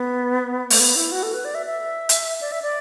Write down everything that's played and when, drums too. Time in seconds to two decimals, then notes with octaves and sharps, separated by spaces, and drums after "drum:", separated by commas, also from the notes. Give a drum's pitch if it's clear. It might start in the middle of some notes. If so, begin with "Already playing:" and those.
Already playing: B3
0.70 A3, drum: open hi-hat
0.80 B3
0.96 E4
1.12 F#4
1.23 A4
1.34 B4
1.45 D5
1.55 E5
1.66 E5
2.09 drum: hi-hat
2.41 D5
2.52 E5
2.62 D5